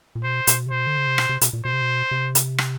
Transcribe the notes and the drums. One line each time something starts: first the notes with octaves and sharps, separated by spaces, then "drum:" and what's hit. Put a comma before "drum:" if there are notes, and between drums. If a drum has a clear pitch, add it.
A#2
B2 C5
B2, drum: hi-hat
C3
B2 C5
D3
C#3
C3
B2, drum: rim click
C3
B2, drum: hi-hat
A#2
B2 C5
C3
B2
C3
drum: hi-hat
drum: rim click